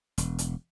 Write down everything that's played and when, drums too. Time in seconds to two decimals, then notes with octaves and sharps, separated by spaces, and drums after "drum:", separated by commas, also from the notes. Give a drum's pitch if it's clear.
0.18 E1, drum: hi-hat
0.39 drum: hi-hat